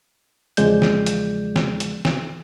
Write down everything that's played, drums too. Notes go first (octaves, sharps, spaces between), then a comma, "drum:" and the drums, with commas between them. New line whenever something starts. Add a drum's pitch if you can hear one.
E2 C#3 F3 G#3 D5 G6, drum: hi-hat
drum: snare
drum: hi-hat
drum: snare
drum: hi-hat
drum: snare